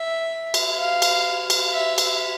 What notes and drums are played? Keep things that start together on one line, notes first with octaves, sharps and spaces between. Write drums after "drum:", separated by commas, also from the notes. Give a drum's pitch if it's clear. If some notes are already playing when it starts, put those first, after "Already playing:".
Already playing: E5
drum: cymbal
F5
drum: cymbal
drum: cymbal
E5
drum: cymbal